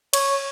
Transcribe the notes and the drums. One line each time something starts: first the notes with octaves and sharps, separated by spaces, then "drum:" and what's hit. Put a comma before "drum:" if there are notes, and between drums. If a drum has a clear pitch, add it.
C#5, drum: cymbal